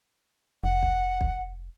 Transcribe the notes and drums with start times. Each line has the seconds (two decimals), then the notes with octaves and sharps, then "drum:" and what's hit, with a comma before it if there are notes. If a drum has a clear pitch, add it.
0.64 F1 F#5
0.83 drum: kick
1.21 drum: kick